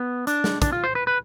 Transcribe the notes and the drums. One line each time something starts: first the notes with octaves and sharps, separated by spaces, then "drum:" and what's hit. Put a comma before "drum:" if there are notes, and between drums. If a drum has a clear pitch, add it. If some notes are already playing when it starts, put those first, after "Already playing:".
Already playing: B3
D4, drum: hi-hat
drum: snare
D4, drum: kick, hi-hat
F4
C5
B4
B4